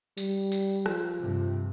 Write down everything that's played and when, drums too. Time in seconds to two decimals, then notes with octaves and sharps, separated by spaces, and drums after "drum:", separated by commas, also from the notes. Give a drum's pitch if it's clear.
0.17 G3, drum: tambourine
0.52 drum: tambourine
0.86 F3, drum: rim click
1.20 G2 C3